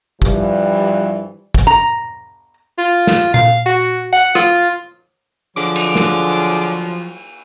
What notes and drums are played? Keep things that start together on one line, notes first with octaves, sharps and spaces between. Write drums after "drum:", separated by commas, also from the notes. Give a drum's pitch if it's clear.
G2 E3 F3 G3, drum: kick
drum: kick
A#5
F4
drum: snare
F5, drum: tom A#2
F#4
F#5
F4, drum: rim click
D3 F3 F#3 G#4 D6, drum: hi-hat
drum: cymbal
drum: snare